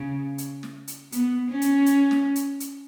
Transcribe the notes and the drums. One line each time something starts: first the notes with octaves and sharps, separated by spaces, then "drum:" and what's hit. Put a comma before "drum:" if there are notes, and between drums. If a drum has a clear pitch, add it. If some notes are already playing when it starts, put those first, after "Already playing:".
Already playing: C#3
drum: hi-hat
drum: snare
drum: hi-hat
B3, drum: hi-hat
C#4
drum: hi-hat
drum: hi-hat
drum: snare
drum: hi-hat
drum: hi-hat